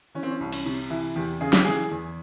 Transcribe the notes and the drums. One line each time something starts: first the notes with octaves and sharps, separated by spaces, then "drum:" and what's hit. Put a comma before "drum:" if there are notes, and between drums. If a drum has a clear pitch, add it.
E3 C#4
C4
C#4
C2
C#4, drum: cymbal
C3
E3 E4
E2 G4
C#3 G#4
G4, drum: snare
E3 G#4
E2